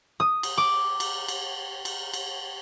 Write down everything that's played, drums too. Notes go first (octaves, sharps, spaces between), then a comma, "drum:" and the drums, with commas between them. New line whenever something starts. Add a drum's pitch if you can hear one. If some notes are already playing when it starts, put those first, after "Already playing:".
D#6
drum: cymbal
D6
drum: cymbal
drum: cymbal
drum: cymbal
drum: cymbal